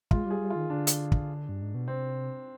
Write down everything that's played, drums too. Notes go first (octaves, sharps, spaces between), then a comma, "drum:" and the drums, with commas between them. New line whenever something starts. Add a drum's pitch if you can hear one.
G#3 F4, drum: kick
G3 G#4
G3
F4
D#3
D3 D4
drum: hi-hat
drum: kick
G2
G#2
B2
C3 C4